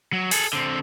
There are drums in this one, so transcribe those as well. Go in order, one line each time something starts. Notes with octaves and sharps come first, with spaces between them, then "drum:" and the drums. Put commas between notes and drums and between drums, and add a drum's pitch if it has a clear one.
F#3
G#4 A4, drum: open hi-hat
D3 C4